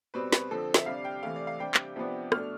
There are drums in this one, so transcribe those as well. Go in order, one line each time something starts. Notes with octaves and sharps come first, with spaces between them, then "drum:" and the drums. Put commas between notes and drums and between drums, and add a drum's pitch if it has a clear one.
B2 G3 C4 B4
B4, drum: snare
D3 F3 C4 A4
E5, drum: snare
C3 G3 D4 F5
G5
C3 E3 A3 F5
D5
F5
C3 G3 D4 G5
drum: clap
C3 F3 B3 D4
B2 A3 D4 F6, drum: rim click